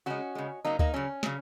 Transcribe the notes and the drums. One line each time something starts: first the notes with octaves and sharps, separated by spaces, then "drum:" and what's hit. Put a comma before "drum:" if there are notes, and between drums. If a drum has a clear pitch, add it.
C#3 G#3 C#4 F#4
C#3 G#3
C#3 F#3 A#3 D#4
A#3 D#4, drum: kick D2
C#3 F#3 C#4
C#3 F#3, drum: snare